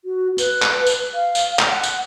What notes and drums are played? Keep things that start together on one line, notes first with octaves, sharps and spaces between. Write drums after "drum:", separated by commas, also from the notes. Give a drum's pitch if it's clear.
F#4
B4, drum: tambourine
drum: clap
drum: tambourine
F5
drum: tambourine
drum: clap
F#5
drum: tambourine